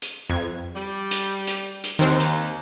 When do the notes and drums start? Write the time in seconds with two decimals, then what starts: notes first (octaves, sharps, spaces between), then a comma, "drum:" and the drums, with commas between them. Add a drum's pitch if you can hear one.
0.02 drum: hi-hat
0.29 F2 G#6
0.75 G3
1.11 drum: hi-hat
1.47 drum: hi-hat
1.84 drum: hi-hat
1.99 D#2 D#3 C4
2.20 drum: hi-hat